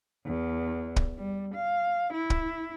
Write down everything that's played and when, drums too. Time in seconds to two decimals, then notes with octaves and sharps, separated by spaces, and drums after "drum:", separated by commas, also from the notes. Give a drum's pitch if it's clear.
0.26 E2
0.96 drum: kick
1.18 G3
1.55 F5
2.13 E4
2.30 drum: kick